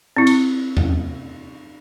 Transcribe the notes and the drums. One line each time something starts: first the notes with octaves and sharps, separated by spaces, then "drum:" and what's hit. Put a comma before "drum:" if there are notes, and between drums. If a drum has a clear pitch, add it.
C4 E4
drum: cymbal
drum: tom E2